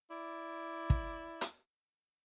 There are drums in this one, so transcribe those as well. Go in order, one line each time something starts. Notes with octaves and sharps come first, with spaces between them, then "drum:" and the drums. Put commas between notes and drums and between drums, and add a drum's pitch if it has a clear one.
E4 D5
drum: kick
drum: hi-hat